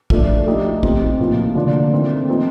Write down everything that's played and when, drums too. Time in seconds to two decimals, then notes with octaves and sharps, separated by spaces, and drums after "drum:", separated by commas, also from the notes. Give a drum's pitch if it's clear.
0.10 F3 A3 D4, drum: kick
0.47 F3 A3 D#4 G4
0.83 F3 C4 D#4 G4, drum: kick
1.19 A2 F3 A#3 F4
1.55 D3 F3 A#3 D4 F4
1.92 D#3 A3 C4
2.28 F3 C4 D#4